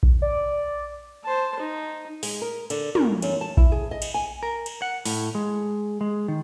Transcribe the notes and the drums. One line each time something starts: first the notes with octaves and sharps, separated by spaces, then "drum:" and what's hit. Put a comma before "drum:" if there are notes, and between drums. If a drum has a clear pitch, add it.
drum: kick A#1
D5
C5 A5
D#4
G#3, drum: open hi-hat
A#4
D3, drum: cymbal
A#4, drum: tom
F#2, drum: cymbal
A5
E4, drum: kick A#1
G#4
D#5
drum: cymbal
G#5
A#4
drum: cymbal
F#5
A2, drum: open hi-hat
G#3
G#3
D#3